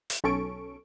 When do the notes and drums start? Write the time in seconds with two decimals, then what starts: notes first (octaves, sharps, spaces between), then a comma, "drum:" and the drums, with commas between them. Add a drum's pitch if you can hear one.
0.10 drum: hi-hat
0.24 B1 C#4 A4 C#6 D7